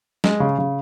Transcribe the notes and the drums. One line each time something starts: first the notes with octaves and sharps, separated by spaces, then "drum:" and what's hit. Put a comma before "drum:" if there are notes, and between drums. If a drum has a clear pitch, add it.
G#3, drum: snare
C#3
C#3